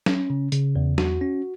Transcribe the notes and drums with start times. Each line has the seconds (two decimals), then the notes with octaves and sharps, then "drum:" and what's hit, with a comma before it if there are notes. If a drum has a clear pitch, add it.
0.06 C#4, drum: snare
0.30 C#3
0.52 C#3, drum: hi-hat
0.76 E2
0.98 F#4, drum: snare
1.21 C#4